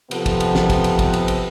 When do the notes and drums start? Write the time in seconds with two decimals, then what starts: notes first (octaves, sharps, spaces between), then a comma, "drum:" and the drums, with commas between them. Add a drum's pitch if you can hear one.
0.11 C3 F3 B3 A4, drum: cymbal
0.26 drum: kick, cymbal
0.40 drum: cymbal
0.55 drum: snare
0.70 drum: kick, cymbal
0.84 drum: cymbal
0.99 drum: kick, cymbal
1.13 drum: cymbal
1.28 drum: cymbal